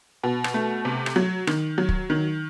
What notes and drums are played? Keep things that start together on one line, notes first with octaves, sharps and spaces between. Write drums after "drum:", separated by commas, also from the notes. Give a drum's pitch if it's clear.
B2
drum: rim click
A3
C3
drum: rim click
F#3
D#3, drum: rim click
F#3
drum: kick
D#3